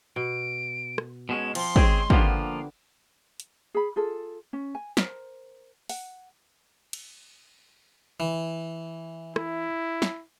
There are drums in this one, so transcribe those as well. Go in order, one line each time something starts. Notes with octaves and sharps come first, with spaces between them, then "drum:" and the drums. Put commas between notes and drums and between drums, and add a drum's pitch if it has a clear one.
B2 D7
drum: rim click
B2 G#3 C#4 E7
F3 C4 C6, drum: cymbal
G#3 C4 C#4 G#4 G5, drum: kick
D3 F3 A#3 B3 F4 G4, drum: kick
drum: hi-hat
G#4 B5
F4 G#4 A4
C#4
G#5
A#4 C5, drum: snare
F#5, drum: open hi-hat
drum: cymbal
E3
E4, drum: rim click
drum: snare